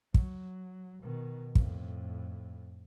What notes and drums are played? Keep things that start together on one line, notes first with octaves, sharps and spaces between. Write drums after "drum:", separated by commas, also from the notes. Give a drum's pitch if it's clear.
F#3, drum: kick
B2 D#3
F2 A2, drum: kick